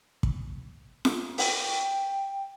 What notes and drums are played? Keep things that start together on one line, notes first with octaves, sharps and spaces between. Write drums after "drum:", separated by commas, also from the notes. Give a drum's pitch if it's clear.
drum: kick
drum: snare F4
G5, drum: open hi-hat